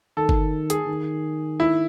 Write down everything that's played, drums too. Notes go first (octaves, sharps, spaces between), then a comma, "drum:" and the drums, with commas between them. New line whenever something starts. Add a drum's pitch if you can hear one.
D#3 A4
drum: kick G1
G#4, drum: hi-hat
D#3
E4